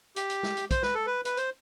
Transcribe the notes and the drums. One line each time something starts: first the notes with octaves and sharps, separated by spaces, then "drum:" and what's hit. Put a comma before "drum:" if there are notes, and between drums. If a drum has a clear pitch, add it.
G4, drum: hi-hat
drum: hi-hat
drum: snare
drum: hi-hat
C5, drum: kick, hi-hat
B4, drum: snare
A4
B4
B4, drum: hi-hat
C5, drum: hi-hat